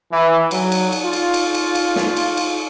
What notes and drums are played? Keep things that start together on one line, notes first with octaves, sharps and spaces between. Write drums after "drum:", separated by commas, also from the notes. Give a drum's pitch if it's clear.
E3
F#3, drum: cymbal
drum: cymbal
drum: cymbal
F4
drum: cymbal
drum: cymbal
drum: cymbal
drum: cymbal
drum: snare
drum: cymbal
drum: cymbal